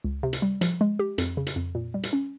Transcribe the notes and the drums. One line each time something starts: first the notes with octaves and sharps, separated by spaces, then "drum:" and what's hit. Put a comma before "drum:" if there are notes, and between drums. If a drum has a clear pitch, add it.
C#2
C3
drum: hi-hat
G3
F3, drum: hi-hat
G#3
G4
F2, drum: hi-hat
C#3
drum: hi-hat
F2
A#2
G3
drum: hi-hat
C#4